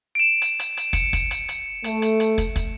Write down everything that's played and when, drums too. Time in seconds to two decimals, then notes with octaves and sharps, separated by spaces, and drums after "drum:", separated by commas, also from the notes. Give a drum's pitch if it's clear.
0.15 D7 E7
0.42 drum: hi-hat
0.60 drum: hi-hat
0.77 drum: hi-hat
0.93 C#7, drum: kick, hi-hat
1.13 drum: kick, hi-hat
1.31 drum: hi-hat
1.49 drum: hi-hat
1.84 A3, drum: hi-hat
2.02 drum: hi-hat
2.20 drum: hi-hat
2.38 drum: kick, hi-hat
2.56 drum: kick, hi-hat